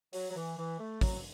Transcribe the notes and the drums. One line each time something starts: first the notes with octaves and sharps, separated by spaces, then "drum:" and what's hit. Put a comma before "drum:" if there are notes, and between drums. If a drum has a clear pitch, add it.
F#3, drum: open hi-hat
F#3
E3
E3
A3
F#3, drum: kick, open hi-hat